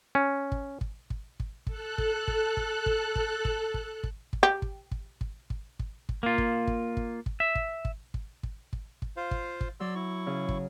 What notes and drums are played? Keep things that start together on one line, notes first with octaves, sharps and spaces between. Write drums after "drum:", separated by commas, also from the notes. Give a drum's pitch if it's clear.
C#4
drum: kick
drum: kick
drum: kick
drum: kick
A4 F#6, drum: kick
drum: kick
drum: kick
drum: kick
drum: kick
drum: kick
drum: kick
drum: kick
drum: kick
drum: kick
G4
drum: kick
drum: kick
drum: kick
drum: kick
drum: kick
drum: kick
A#3 F4
drum: kick
drum: kick
drum: kick
drum: kick
E5
drum: kick
drum: kick
drum: kick
drum: kick
drum: kick
drum: kick
F4 C5 F5
drum: kick
drum: kick
F#3 D5 C6 E6
E4 C#6
C#3
drum: kick